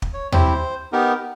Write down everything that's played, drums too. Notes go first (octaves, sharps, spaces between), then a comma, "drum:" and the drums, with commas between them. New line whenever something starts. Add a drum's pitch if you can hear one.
drum: kick
C#5
C4 E4 G4 C5, drum: tom D#2
B3 D#4 G4 A#4